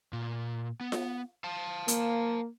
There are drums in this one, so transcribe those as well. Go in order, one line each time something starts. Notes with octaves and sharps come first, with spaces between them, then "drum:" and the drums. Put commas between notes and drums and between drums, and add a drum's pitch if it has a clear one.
A#2
B3
drum: snare F4
F5 A5
A#3, drum: hi-hat